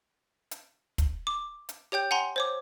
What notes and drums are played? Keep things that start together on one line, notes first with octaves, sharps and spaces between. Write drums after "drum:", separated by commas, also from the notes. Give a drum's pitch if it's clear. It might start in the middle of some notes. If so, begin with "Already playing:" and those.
drum: hi-hat
drum: kick, hi-hat
D6
drum: hi-hat
G4 C#5 G5 G6
F#5 G#5 A#5 C6
C5 C#5 D6